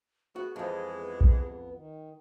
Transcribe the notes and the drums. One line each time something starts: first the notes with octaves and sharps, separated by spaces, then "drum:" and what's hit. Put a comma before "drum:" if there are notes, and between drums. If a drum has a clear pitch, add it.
B3 F#4 G#4
F2 E3 F3 G#3
B3
drum: kick A#1
D#3